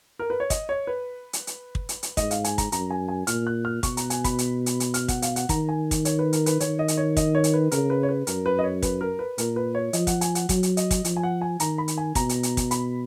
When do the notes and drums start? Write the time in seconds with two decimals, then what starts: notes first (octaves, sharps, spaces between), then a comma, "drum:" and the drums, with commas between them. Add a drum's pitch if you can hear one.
0.19 A#4
0.30 B4
0.40 C#5
0.50 D#5, drum: kick, hi-hat
0.69 C#5
0.87 B4
1.33 drum: hi-hat
1.47 drum: hi-hat
1.75 drum: kick
1.89 drum: hi-hat
2.03 drum: hi-hat
2.17 G#2 D#5, drum: kick, hi-hat
2.31 F5, drum: hi-hat
2.44 G#5, drum: hi-hat
2.58 A#5, drum: kick, hi-hat
2.72 F#2 A#5, drum: hi-hat
2.90 G#5
3.08 G#5
3.27 A#2 F6, drum: hi-hat
3.47 F#6
3.65 F6
3.83 B2 C#6, drum: kick, hi-hat
3.97 A#5, drum: hi-hat
4.10 G#5, drum: hi-hat
4.24 B5, drum: kick, hi-hat
4.38 drum: hi-hat
4.66 drum: hi-hat
4.80 drum: hi-hat
4.94 F6, drum: hi-hat
5.08 F#5, drum: kick, hi-hat
5.22 F5, drum: hi-hat
5.36 F#5, drum: hi-hat
5.49 D#3 A#5, drum: kick, hi-hat
5.69 G#5
5.91 drum: kick, hi-hat
6.05 C#5, drum: hi-hat
6.19 B4
6.33 A#4, drum: hi-hat
6.46 B4, drum: hi-hat
6.60 D#3 C#5, drum: hi-hat
6.79 D#5
6.88 drum: hi-hat
6.97 C#5
7.17 D#5, drum: kick, hi-hat
7.35 C#5
7.44 drum: hi-hat
7.54 B4
7.71 C#3 A#4, drum: hi-hat
7.90 B4
8.03 C#5
8.09 B4
8.27 F#2 A#4, drum: hi-hat
8.46 B4
8.59 D#5
8.64 C#5
8.82 B4, drum: kick, hi-hat
9.01 A#4
9.19 B4
9.38 A#2 A#4, drum: hi-hat
9.56 B4
9.75 C#5
9.93 F3 D#5, drum: hi-hat
10.07 F#5, drum: kick, hi-hat
10.21 G#5, drum: hi-hat
10.35 F#5, drum: hi-hat
10.49 F#3, drum: kick, hi-hat
10.63 drum: hi-hat
10.77 D#5, drum: hi-hat
10.91 drum: kick, hi-hat
11.05 F3, drum: hi-hat
11.16 G#5
11.23 F#5
11.41 G#5
11.60 D#3 A#5, drum: hi-hat
11.78 B5
11.88 drum: hi-hat
11.98 G#5
12.15 B2 A#5, drum: kick, hi-hat
12.29 drum: hi-hat
12.43 drum: hi-hat
12.57 drum: kick, hi-hat
12.71 B5, drum: hi-hat